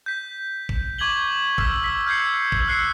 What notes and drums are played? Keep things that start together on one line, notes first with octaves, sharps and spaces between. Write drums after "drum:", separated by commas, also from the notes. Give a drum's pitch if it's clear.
G6 B6
drum: kick
C#6 D6 G#6 B6 F#7 G7
E6 F6 B6, drum: kick
E6 B6
F6 G6 G#6 C7 C#7
drum: kick
E6 F#6 C7 C#7